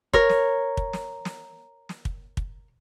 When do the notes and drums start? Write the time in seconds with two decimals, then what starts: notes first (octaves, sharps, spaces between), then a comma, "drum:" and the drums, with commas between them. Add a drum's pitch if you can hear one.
0.13 A#4 C#5, drum: kick
0.29 drum: snare
0.77 drum: kick
0.93 drum: snare
1.25 drum: snare
1.89 drum: snare
2.05 drum: kick
2.37 drum: kick